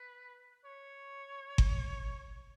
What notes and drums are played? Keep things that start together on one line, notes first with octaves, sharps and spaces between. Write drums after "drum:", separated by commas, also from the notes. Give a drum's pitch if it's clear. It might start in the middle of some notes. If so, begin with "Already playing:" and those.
Already playing: B4
C#5
drum: kick G1